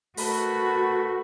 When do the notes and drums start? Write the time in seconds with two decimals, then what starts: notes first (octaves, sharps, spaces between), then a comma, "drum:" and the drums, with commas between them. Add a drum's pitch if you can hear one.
0.17 A3 F#4 A#4 B4 B5, drum: open hi-hat